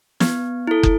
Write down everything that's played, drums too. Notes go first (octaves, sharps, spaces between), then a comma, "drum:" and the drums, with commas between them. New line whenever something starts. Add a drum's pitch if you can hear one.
B3, drum: snare
E4 A4
drum: kick